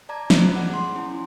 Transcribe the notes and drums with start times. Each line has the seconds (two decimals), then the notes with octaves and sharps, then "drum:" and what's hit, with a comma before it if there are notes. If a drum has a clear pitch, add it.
0.09 D5 A5 A#5 D6 G#6
0.30 B5 F#6, drum: snare
0.54 G#4 F#5 D6
0.74 C6
0.95 C#4 E4 G#5